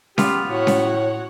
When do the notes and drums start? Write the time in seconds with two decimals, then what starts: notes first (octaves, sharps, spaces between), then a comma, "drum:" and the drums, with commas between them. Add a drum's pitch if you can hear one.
0.18 B3 F4 G4, drum: snare C#4
0.48 A2 F#4 C#5 F#5
0.67 drum: snare C#4